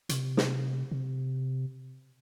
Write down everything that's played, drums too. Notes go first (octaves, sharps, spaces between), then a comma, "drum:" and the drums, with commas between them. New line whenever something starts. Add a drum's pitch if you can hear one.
C3, drum: hi-hat
drum: snare
C3